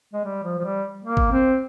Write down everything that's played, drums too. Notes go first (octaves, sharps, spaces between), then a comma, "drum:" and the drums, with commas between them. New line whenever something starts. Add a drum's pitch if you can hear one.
G#3
G3
F3
F3
G3
A#3
drum: kick
C4